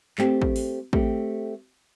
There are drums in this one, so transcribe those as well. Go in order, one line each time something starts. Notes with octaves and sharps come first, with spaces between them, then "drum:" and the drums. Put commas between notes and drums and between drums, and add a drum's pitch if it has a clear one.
A3 C4 G4, drum: clap
drum: kick
drum: open hi-hat
A3 C4 G4, drum: kick